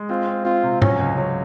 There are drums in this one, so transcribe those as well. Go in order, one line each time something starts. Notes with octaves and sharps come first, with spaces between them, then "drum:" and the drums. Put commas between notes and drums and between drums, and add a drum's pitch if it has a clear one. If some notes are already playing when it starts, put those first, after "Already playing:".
Already playing: G#3
C4 F4
C4
C4 F4
C3
F#3 C#4, drum: tom G#2
C#2
F#3